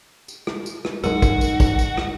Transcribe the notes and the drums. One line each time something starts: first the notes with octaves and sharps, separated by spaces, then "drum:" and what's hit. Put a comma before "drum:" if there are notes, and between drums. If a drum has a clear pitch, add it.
drum: tambourine
drum: rim click
drum: tambourine
drum: rim click
B1 F#2 G#3 D#4 F#4 A#4, drum: tambourine
drum: kick, tambourine
drum: tambourine
drum: kick, tambourine
drum: tambourine
drum: rim click